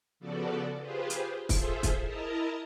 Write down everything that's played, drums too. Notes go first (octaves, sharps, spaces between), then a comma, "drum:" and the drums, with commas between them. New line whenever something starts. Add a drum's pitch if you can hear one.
C#3 F3 B3 F#4 A4 D5
F4 G4 G#4 B4 C5
drum: hi-hat
F4 G#4 A4 C5 E5, drum: kick, open hi-hat
drum: kick, hi-hat
E4 A#4 D#5 A5 A#5